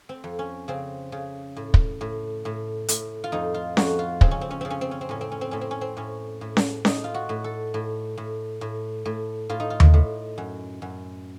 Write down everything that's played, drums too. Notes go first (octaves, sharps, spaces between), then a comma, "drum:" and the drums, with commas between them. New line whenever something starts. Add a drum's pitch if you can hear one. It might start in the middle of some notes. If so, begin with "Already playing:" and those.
C4
F2
C#4
C#3 C4
C#3
A2
drum: kick
A2
A2
A2, drum: hi-hat
F4
F2 D#4
F4
F2 F#4, drum: snare C#4
F4
C#3 C4, drum: kick
C#4
C4
C#4
C#3 C4
C#4
C4
C#4
C4
A2 C#4
C4
C#4
C4
A2 C#4
C4
C#4
C4
A2 C#4
A2
drum: snare C#4
A2 D#4, drum: snare C#4
F4
F#4
A2
A4
A2
A2
A2
A2
A2 F4
D#4
F4
drum: tom D#2
A2
F#2
F#2